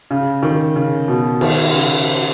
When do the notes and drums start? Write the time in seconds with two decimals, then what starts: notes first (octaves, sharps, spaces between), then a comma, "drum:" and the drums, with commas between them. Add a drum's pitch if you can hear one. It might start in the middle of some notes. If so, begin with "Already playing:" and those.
0.11 C#3
0.43 D#3
0.76 C#3
1.08 B2
1.41 D#3, drum: cymbal
1.74 C#3